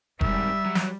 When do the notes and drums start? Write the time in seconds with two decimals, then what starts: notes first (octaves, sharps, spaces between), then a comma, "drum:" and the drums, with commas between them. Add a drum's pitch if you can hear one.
0.21 G#2 D#3 G3 E5, drum: kick F1
0.66 F#3
0.75 drum: snare